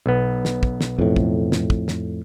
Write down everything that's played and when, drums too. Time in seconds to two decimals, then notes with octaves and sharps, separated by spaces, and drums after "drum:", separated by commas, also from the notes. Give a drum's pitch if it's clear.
0.06 B1 B3
0.45 drum: snare
0.63 drum: kick
0.81 drum: snare
0.99 F2 A2
1.16 drum: kick
1.52 drum: snare
1.70 drum: kick
1.88 drum: snare